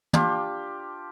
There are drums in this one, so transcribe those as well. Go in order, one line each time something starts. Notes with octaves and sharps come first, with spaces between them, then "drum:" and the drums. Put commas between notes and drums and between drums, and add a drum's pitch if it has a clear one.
D4 F4 G4, drum: tom